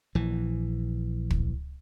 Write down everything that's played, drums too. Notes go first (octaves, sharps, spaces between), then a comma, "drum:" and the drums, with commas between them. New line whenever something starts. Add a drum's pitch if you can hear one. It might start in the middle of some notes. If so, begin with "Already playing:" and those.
A#1 E3
drum: kick